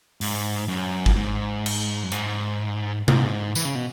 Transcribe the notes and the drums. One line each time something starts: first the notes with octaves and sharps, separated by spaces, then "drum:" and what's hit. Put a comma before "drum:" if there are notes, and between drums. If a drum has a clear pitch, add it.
G#2, drum: open hi-hat
F#2
drum: kick G#1
G#2
drum: cymbal
F#2
G#2, drum: hi-hat
G#2, drum: tom C3
E3, drum: tambourine
C#3
B2